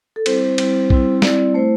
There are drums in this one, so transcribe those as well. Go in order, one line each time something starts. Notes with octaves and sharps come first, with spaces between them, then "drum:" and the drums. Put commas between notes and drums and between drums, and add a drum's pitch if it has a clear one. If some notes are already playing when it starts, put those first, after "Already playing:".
A4
G3 C4 E4 C5, drum: cymbal
G3 C4 E4, drum: cymbal
G3 C4 E4, drum: kick B1
G3 C4 E4 D5, drum: snare
A3 E4 C5